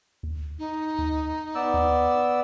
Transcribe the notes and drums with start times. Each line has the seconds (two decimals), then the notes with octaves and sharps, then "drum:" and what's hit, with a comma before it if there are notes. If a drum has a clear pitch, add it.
0.23 drum: kick D2
0.59 D#4
0.99 drum: kick D2
1.55 B3 D5 E6
1.74 drum: kick D2